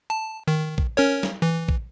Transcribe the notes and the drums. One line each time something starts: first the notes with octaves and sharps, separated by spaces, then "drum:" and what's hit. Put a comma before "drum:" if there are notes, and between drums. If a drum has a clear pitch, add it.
A5
D#3
drum: kick A#1
C#4 A#4 C#5
drum: snare
E3
drum: kick A#1